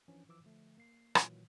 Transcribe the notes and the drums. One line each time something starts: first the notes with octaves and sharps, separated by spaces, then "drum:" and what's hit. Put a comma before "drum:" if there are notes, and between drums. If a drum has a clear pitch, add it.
E3 F3 C#4 D4
E3 F3 D6 E6
D3 F3 A3
A#3 C7
A#2 D#3 E3 F#3, drum: rim click